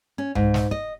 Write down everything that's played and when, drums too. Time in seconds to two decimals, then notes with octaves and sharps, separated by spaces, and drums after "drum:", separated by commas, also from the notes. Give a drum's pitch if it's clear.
0.18 C#4
0.35 G#2, drum: tom C2
0.54 drum: snare
0.71 D#5, drum: kick